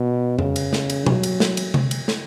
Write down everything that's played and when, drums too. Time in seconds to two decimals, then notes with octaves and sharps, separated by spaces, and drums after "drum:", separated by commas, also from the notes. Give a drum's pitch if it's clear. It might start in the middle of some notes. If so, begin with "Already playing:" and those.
Already playing: B2
0.39 C#3, drum: tom F2
0.56 drum: cymbal
0.73 drum: snare
0.90 drum: cymbal
1.06 F#3, drum: tom B2
1.23 drum: cymbal
1.40 drum: snare
1.57 drum: cymbal
1.74 drum: tom C3
1.91 drum: cymbal
2.08 drum: snare